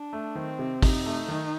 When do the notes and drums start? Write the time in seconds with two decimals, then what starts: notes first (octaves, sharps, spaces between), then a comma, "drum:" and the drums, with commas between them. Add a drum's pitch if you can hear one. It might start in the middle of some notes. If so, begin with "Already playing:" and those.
Already playing: D4
0.13 A3
0.35 D#3 C4
0.59 C3
0.82 C3 D#4, drum: kick, open hi-hat
1.06 A3
1.28 D#3